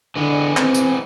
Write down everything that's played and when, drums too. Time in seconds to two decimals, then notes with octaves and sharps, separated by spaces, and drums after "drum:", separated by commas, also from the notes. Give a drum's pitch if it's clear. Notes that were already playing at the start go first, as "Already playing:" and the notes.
0.16 D3 E3 G#3 B3
0.57 C4, drum: clap
0.74 drum: tambourine